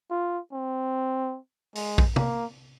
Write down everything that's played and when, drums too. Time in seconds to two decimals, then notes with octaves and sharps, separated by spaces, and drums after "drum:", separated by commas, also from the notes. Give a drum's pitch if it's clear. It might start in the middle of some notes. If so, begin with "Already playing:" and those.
0.11 F4
0.52 C4
1.75 G#3, drum: open hi-hat
1.98 drum: kick A#1
2.16 A#3, drum: tom